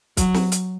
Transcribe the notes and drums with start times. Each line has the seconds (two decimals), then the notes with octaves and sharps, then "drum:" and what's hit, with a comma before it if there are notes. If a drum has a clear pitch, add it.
0.17 F#3, drum: kick, hi-hat
0.34 drum: snare
0.52 drum: hi-hat